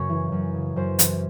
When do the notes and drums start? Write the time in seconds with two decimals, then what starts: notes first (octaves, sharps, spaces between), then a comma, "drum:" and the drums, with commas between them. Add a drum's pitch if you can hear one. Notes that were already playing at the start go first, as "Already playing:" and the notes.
Already playing: F#2 C#3 C#5
0.09 E3
0.32 F#2
0.54 C#3
0.76 F#2 C5
0.99 E3, drum: hi-hat